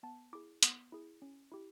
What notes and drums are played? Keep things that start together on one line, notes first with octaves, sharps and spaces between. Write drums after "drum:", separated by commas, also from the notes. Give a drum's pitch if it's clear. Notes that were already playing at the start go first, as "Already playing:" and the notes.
B3 A5
E4 G#4 D6
B3 D#6, drum: hi-hat
E4 G#4
C#4
E4 G4